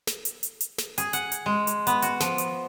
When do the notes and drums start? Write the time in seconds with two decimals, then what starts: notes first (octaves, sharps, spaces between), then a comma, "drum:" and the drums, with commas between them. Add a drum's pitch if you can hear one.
0.07 drum: snare
0.25 drum: hi-hat
0.43 drum: hi-hat
0.61 drum: hi-hat
0.78 drum: snare
0.98 G#4, drum: hi-hat
1.13 F#5, drum: hi-hat
1.32 drum: hi-hat
1.46 G#3
1.67 drum: hi-hat
1.87 B3, drum: hi-hat
2.02 F#4, drum: hi-hat
2.20 F3, drum: snare
2.38 drum: hi-hat